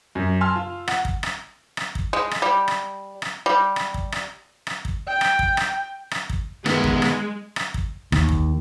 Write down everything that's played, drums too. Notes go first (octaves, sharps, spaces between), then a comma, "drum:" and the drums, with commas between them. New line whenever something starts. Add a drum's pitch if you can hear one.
F#2
G#5 A5 C6 E6 F6
F4
F#5, drum: rim click
drum: kick
drum: rim click
drum: rim click
drum: kick
G#3
drum: rim click
G3
drum: rim click
drum: rim click
G3
drum: rim click
drum: kick
drum: rim click
drum: rim click
drum: kick
G5
drum: rim click
drum: kick
drum: rim click
drum: rim click
drum: kick
D#3 G#3 B3, drum: rim click
drum: kick
drum: rim click
drum: rim click
drum: kick
D#2, drum: rim click
drum: kick